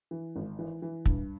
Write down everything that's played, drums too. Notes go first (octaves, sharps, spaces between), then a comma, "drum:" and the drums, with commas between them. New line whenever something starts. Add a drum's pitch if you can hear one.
E3
G#1
E3
E3
G2, drum: kick